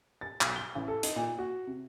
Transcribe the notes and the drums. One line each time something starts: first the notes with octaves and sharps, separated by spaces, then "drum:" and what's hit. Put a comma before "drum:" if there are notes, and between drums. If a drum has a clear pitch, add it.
A6
B1, drum: clap
G7
A1
A4
D#4, drum: hi-hat
A#2
F#4
C3